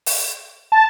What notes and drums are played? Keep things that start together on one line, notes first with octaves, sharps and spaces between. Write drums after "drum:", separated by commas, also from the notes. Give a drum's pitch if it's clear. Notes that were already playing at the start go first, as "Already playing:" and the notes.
drum: open hi-hat
A5